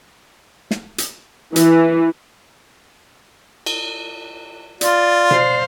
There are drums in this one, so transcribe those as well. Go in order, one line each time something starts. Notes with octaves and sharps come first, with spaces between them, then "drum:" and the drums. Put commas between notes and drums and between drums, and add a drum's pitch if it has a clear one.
drum: snare
drum: hi-hat
E3, drum: hi-hat
drum: cymbal
F4 D5, drum: hi-hat
C5 F5, drum: tom B2